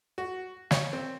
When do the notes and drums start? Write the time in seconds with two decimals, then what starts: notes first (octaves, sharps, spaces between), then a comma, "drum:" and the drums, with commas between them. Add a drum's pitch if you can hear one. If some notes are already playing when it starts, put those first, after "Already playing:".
0.18 F#4
0.71 C#5, drum: snare
0.93 C4